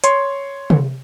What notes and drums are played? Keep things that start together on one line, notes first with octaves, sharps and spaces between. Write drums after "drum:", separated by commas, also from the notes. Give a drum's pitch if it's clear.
C#5 C6, drum: hi-hat
drum: tom C3